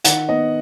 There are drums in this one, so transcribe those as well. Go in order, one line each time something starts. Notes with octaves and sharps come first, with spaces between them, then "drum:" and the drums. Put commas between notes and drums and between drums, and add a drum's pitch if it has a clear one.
D#3 F#5, drum: hi-hat
B3 D#5